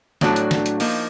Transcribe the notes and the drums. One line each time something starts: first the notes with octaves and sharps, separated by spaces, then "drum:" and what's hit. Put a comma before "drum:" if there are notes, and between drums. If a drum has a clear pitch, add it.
A2 F#3 A3 D4 F#4, drum: snare
drum: hi-hat
drum: snare
drum: hi-hat
F3 A#3 D#4, drum: open hi-hat